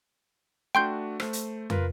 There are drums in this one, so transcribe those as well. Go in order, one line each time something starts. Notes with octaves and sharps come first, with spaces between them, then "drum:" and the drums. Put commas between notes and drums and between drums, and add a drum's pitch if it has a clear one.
A3 D4 F#4 G5 C6 G6
A3 C5, drum: rim click
drum: hi-hat
F4 A#4 B4, drum: tom